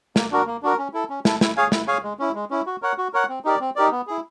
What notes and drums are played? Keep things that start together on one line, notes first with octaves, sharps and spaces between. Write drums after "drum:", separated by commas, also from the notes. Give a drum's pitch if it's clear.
A#3, drum: snare
D4 F#4 A#4
A#3
D4 F#4 A#4
C#4
E4 A4
C#4
E4 A4, drum: snare
E4, drum: snare
G#4 C#5 F5 G#5
E4, drum: snare
G#4 C#5 F5 G#5
G#3
C#4 E4
G#3
C#4 E4
F#4
A#4 C#5 F#5
F#4
A#4 C#5 F#5
C4
D#4 G4 A#4 D5
C4
D#4 G4 A#4 D5
B3
E4 G#4